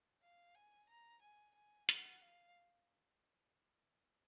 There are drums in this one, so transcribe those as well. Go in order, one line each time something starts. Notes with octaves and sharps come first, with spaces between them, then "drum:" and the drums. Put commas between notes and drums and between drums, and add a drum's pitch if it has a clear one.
F5
G#5
A#5
G#5
G#5
F#5, drum: hi-hat
F5